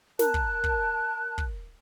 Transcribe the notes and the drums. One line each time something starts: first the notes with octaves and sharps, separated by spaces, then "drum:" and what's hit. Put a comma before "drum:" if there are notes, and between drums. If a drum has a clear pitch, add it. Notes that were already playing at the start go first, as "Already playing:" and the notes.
A#4 A5 F#6, drum: snare
drum: kick
drum: kick
drum: kick